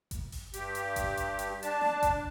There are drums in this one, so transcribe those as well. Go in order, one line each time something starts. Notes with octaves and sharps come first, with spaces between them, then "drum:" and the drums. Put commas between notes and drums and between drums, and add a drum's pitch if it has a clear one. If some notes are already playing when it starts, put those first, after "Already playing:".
drum: kick G1, hi-hat
drum: open hi-hat
G2 G4, drum: hi-hat
drum: hi-hat
drum: kick G1, hi-hat
drum: hi-hat
drum: hi-hat
D4 A5, drum: hi-hat
drum: snare
drum: kick G1, hi-hat